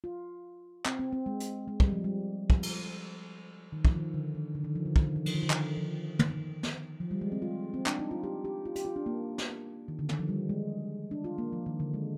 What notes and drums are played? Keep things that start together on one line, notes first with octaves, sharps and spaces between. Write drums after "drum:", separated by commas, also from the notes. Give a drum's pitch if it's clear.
F4
C4, drum: clap
C4
C4
G#3
drum: hi-hat
G#3
G3, drum: kick
F3
G3
F3, drum: kick
drum: cymbal
D#3
F3, drum: kick
D#3
D3
D#3
D3
D#3
F3
D3
D#3, drum: kick
D3
D#3
F3, drum: cymbal
D#3
D3
D#3, drum: clap
F3
D#3, drum: tom
drum: snare
F3
G3
G#3
C4
F4
C4
D4, drum: clap
D#4
F4
G4
G4
F4
G4, drum: hi-hat
F4
D4
A#3
drum: snare
D#3
D3
D#3, drum: tom
F3
G3
G#3
D4
F4
A#3
F3
D#3
D3
G#3